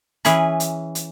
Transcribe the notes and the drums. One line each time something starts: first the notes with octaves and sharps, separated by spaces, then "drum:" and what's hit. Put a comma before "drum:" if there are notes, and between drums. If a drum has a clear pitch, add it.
E3 C#4 G#4 B4, drum: hi-hat
drum: hi-hat
drum: hi-hat